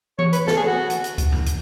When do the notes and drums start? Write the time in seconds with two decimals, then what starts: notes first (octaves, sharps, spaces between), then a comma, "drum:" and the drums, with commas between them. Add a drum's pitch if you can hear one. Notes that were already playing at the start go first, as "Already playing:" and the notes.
0.19 C#5, drum: tom E3
0.33 B4, drum: hi-hat
0.47 A4, drum: snare
0.57 G#4
0.67 F#4
0.90 drum: hi-hat
1.04 drum: hi-hat
1.18 drum: kick C#2, hi-hat
1.32 drum: tom E2
1.46 drum: hi-hat